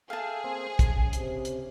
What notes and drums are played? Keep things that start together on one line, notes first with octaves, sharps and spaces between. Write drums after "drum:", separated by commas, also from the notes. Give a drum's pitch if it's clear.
G#4 A4 E5 F5 G5 A5
A#3 C4 C5
C#3, drum: kick, hi-hat
C3, drum: hi-hat
drum: hi-hat